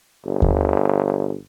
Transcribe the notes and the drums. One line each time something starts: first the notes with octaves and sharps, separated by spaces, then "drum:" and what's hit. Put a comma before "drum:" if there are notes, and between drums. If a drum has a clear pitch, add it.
G1
drum: kick D#2